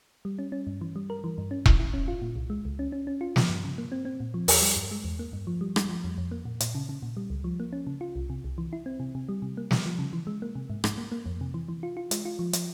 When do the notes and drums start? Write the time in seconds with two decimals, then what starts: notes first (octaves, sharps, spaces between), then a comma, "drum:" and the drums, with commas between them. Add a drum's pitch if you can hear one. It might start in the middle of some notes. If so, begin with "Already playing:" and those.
0.25 G3
0.39 C#4
0.52 C#4
0.67 G2
0.81 E3
0.96 G3
1.10 A#4
1.24 E3
1.38 G2
1.51 C#4
1.66 E4, drum: kick E1
1.80 E4
1.94 C#4
2.08 F4
2.22 A#2
2.36 C2
2.50 G#3
2.65 C#2
2.79 C#4
2.92 C#4
3.07 C#4
3.21 F4
3.36 F3, drum: snare
3.49 G2
3.64 C#3
3.78 A#3
3.92 C4
4.05 C4
4.20 A#2
4.34 F3
4.48 E2, drum: open hi-hat
4.62 G3
4.76 G2
4.91 G#3
5.04 E2
5.19 A#3
5.33 G2
5.47 F3
5.61 G3
5.76 G3, drum: rim click
5.89 F3
6.04 F2
6.18 F2
6.31 A#3
6.45 A#2
6.60 A#2, drum: hi-hat
6.75 C#3
6.89 C#3
7.02 A#2
7.17 G3
7.30 C#2
7.44 F3
7.60 A#3
7.73 C#4
7.87 C#3
8.01 F4
8.16 C2
8.30 C3
8.44 C2
8.58 E3
8.73 E4
8.86 C4
9.00 C3
9.15 C3
9.29 G3
9.42 C3
9.57 A#3
9.71 G3, drum: snare
9.86 F3
9.99 C#3
10.13 E3
10.27 G#3
10.42 A#3
10.55 C3
10.70 G#2
10.84 G#2, drum: rim click
10.98 A#3
11.12 A#3
11.26 F2
11.41 C3
11.54 E3
11.69 E3
11.83 F4
11.97 F4
12.11 G#3, drum: hi-hat
12.25 F4
12.39 F3
12.53 F3, drum: hi-hat